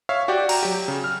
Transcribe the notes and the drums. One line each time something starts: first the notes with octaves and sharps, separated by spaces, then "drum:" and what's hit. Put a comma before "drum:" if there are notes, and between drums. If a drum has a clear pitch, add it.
C#5 E5 F5
F#4 G4 D5 G5
A#5, drum: cymbal
F#3 G4
C#3
F6